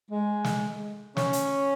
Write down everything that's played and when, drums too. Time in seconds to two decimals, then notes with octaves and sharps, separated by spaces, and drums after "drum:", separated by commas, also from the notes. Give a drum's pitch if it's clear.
0.11 G#3
0.44 drum: snare
1.17 C#4, drum: snare
1.33 drum: hi-hat